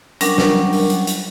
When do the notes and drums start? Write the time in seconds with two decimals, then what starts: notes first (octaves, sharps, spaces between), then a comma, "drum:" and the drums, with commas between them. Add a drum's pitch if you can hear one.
0.21 F#3 G3 C#4 D4 A#4 F#5, drum: hi-hat
0.38 drum: snare
0.73 drum: open hi-hat
0.90 drum: hi-hat
1.07 drum: hi-hat